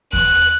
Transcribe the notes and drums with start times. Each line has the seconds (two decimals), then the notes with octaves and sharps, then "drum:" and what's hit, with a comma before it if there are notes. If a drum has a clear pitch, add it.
0.13 F#6, drum: kick E2